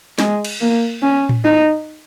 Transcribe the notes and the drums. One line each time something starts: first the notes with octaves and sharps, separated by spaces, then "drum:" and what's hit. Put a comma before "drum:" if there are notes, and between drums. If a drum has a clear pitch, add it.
G#3, drum: snare
drum: cymbal
A#3
C#4
drum: tom A2
D#4